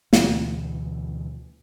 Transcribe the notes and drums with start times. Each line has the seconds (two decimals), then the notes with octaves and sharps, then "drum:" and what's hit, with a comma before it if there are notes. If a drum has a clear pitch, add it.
0.13 D2 B2 E3, drum: snare